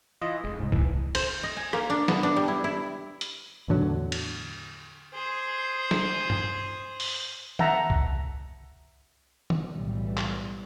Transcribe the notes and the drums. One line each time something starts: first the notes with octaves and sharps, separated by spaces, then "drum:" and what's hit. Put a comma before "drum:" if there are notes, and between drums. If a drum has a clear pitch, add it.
E3 F4 D#5
F1 G#3
C2 G#2
D1 A2 E3, drum: kick C2
C5, drum: cymbal
D#5
G#5
A#3, drum: rim click
D4
B3, drum: snare
D4
G3
E4
E4
drum: hi-hat
E2 A2 D3 F#3
drum: cymbal
G#4 C5
drum: snare
drum: tom G2
drum: open hi-hat
E5 F#5 A5 A#5, drum: tom
drum: kick C2
drum: tom
B1 A2 E3 G3
drum: clap